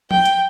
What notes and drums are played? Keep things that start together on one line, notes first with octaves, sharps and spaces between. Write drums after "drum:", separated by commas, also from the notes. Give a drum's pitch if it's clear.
G5, drum: tom F3
drum: hi-hat